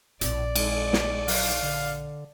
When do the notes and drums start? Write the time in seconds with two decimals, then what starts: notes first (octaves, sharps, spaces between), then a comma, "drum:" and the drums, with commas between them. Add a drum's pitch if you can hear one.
0.21 A#1 A2 C4 D5, drum: hi-hat
0.55 G#3, drum: cymbal
0.93 drum: snare
1.28 F#3 F5, drum: open hi-hat
1.63 D3